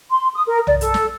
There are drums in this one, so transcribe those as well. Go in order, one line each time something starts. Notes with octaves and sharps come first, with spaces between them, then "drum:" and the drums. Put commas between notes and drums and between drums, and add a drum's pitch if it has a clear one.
C6
D#6
A#4
D5, drum: tom
A4, drum: hi-hat
drum: snare